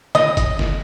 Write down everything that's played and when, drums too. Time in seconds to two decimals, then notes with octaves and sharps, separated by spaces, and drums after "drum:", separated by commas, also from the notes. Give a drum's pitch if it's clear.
0.15 D#5, drum: snare
0.37 drum: kick F#1, hi-hat
0.59 drum: snare